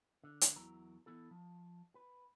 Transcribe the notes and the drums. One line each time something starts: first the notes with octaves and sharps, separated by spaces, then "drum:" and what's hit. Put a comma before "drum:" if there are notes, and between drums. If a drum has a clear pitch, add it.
D3
drum: hi-hat
E2 F#3 E4 A#4 A#5
E3 B3 E4 A4
F3
B4